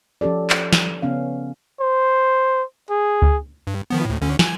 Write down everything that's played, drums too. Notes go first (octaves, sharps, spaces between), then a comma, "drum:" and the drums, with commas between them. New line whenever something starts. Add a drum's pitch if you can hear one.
F3 C#4 G4 A4 D5
drum: clap
drum: snare
C#3 B3 C#4 F5
C5
G#4
drum: kick C#2
G2
D#3 F3 B3
D2 A2
D2 D3 C#4
G#5, drum: snare